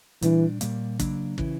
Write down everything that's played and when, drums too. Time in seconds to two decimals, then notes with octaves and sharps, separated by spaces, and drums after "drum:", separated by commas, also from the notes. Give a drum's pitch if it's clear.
0.22 A#2 E3 G3 B3 D4, drum: hi-hat
0.61 A#2 G3 A#3, drum: hi-hat
0.99 C#3 F#3 A#3 D4, drum: kick, hi-hat
1.38 C#3 E3, drum: kick